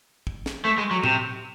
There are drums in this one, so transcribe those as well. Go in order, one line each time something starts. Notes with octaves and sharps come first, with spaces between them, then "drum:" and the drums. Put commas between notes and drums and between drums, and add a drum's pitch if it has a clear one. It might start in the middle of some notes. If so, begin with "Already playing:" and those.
drum: kick
drum: snare
A3
G#3
F#3
C3, drum: tom A2